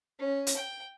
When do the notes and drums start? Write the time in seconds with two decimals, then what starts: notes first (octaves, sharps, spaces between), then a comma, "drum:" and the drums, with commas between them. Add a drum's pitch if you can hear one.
0.19 C#4
0.47 drum: hi-hat
0.56 G5